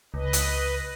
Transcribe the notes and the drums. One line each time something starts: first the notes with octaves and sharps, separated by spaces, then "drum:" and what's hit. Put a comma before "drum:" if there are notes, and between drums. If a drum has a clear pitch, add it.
C#2 B4 D#5
drum: hi-hat